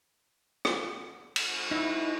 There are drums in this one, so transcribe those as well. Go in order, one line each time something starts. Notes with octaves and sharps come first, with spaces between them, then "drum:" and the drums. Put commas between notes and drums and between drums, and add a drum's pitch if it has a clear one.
drum: rim click
drum: cymbal
D#4 E4